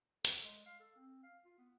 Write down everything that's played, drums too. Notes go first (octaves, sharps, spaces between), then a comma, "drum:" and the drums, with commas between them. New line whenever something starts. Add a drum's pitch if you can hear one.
A4, drum: hi-hat
G#3
F5
A4
C4
F5
F4
B3